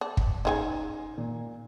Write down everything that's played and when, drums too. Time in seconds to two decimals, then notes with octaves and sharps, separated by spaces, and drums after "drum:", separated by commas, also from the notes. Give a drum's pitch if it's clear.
0.01 D4
0.17 drum: kick
0.45 C#3 C4 D#4 G#5 C6
1.18 A#2